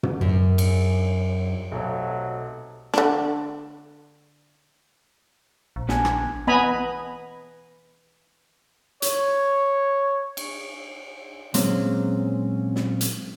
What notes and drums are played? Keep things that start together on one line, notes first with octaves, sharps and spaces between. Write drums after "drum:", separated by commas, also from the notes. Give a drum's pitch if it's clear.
drum: tom
F#2
drum: cymbal
B1 C3 F#3 A3
D3 D4, drum: snare
A#1
B3 D4 G#5, drum: snare
drum: rim click
B3 D#5 G#5 A#5 B5
C#5, drum: hi-hat
drum: cymbal
A#2 F#3 G#3 C4 C#4, drum: hi-hat
drum: snare
drum: hi-hat